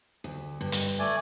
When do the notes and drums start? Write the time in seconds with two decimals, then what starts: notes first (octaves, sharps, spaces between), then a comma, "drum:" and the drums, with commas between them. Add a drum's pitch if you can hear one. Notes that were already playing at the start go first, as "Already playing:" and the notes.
0.24 D2
0.61 G2
0.72 drum: hi-hat
0.99 A3 D5 G#5